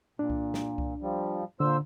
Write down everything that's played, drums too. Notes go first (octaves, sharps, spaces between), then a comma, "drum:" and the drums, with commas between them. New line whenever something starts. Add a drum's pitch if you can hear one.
A#2 D4
drum: kick C2
drum: snare
drum: kick C2
F3 G3
A#2 D3 C5 E6